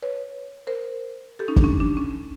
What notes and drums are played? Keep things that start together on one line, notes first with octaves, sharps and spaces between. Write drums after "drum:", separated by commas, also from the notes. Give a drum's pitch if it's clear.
B4 C#5
A#4 C5
G4 A4
C#4 D#4
D4, drum: kick
C#4
D4
C#4